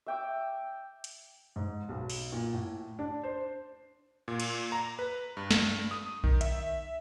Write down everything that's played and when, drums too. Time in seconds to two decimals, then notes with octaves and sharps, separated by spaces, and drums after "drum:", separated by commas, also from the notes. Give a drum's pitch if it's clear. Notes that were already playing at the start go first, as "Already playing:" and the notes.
0.06 E5 G5 D6
1.04 drum: hi-hat
1.56 G#2
1.89 B1
2.10 drum: open hi-hat
2.32 A#2
2.53 A2
2.99 D4
3.24 C5
4.28 A#2
4.40 drum: cymbal
4.72 A#5
4.99 B4
5.37 G2
5.51 drum: snare
5.91 D#6
6.24 D#3, drum: kick B1
6.41 E5, drum: hi-hat